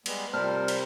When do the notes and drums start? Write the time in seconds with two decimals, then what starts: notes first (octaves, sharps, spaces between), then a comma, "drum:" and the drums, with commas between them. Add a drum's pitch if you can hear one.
0.06 G3 G#3 B3, drum: cymbal
0.33 C3 G3 A#4 C5 A5 F6
0.68 drum: cymbal